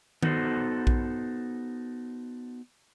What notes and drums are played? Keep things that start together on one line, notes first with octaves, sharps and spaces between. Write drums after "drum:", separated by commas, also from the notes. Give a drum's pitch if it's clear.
B3 D#4 F#4 A4 C5, drum: tom D#3
drum: kick A#1